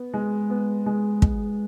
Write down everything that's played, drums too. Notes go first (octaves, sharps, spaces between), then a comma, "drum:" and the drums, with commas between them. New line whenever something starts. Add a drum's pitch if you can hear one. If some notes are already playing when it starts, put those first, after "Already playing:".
Already playing: B3
G#3
B3
G#3
G#3, drum: kick